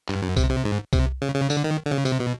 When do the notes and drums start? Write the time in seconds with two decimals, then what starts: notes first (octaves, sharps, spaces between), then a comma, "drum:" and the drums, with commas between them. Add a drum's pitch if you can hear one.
0.09 G2, drum: clap
0.22 F#2
0.36 C3, drum: kick C2, tambourine
0.50 C3
0.65 G#2
0.93 C3, drum: kick C2, tambourine
1.22 C#3
1.35 C#3
1.50 D3, drum: tambourine
1.64 D#3
1.86 D3
1.91 C#3
2.05 C3, drum: tambourine
2.20 B2